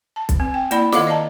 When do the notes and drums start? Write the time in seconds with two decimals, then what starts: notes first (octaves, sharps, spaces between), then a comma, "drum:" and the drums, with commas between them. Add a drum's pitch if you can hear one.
0.16 A5
0.29 drum: kick B1, hi-hat
0.40 C4
0.54 G5
0.71 A#3 E4 D5 B5, drum: hi-hat
0.92 D#3 A4 D#5 F5 F#5 D6, drum: snare
1.07 D5 D#5 F5 A5 A#5